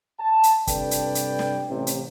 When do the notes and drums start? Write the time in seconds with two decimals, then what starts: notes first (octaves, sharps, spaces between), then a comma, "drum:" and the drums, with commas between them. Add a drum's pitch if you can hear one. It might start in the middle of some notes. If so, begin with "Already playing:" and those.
0.20 A5
0.43 drum: hi-hat
0.67 G2 C3 A4 B4 D5 G5, drum: kick, hi-hat
0.91 drum: hi-hat
1.15 drum: hi-hat
1.39 drum: snare
1.69 A1 C3
1.87 drum: hi-hat